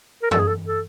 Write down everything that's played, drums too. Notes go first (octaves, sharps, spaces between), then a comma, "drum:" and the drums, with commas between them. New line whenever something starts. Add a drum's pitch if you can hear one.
A#4
A4, drum: tom F#2
G#4
A4
A4